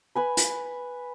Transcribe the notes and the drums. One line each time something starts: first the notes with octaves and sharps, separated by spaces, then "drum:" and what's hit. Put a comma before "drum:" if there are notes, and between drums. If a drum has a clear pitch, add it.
B4 G#5 B5
drum: hi-hat